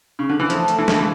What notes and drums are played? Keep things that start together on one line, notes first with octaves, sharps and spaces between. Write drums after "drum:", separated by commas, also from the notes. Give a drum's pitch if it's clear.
C#3
D3
E3
F3 A3, drum: hi-hat
A3, drum: hi-hat
E3
D3 F3, drum: snare
E3